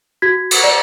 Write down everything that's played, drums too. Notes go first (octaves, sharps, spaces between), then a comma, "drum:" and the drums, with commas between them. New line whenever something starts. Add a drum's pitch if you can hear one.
F#4 G#6 B6
drum: cymbal
D5